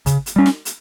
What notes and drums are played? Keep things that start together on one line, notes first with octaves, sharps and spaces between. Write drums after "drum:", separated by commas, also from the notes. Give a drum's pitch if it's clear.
C#3, drum: kick, hi-hat
drum: hi-hat
G3 C#4
drum: snare
drum: hi-hat